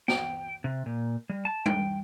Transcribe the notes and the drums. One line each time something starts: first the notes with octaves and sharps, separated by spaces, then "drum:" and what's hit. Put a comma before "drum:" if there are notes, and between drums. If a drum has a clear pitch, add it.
G5, drum: snare
C3
A#2
G3
A5
G5, drum: tom G3